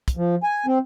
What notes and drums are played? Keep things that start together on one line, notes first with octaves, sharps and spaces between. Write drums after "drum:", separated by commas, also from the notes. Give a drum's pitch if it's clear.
drum: kick, hi-hat
F3
G#5
C4